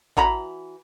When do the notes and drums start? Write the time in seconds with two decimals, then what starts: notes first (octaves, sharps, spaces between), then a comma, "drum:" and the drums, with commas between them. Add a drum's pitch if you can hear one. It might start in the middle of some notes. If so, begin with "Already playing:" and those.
0.17 E3 F#4 A#5 B5, drum: kick A1